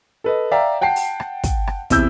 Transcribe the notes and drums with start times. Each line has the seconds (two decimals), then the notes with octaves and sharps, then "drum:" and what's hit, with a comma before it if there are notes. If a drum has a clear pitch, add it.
0.24 A4 B4 D#5
0.51 D5 E5 F5 G5 A#5
0.81 F#5 G5 A5 C7
0.96 drum: open hi-hat
1.20 drum: rim click
1.44 drum: kick, hi-hat
1.67 drum: rim click
1.90 E2 C3 E4 E6 G6, drum: kick, hi-hat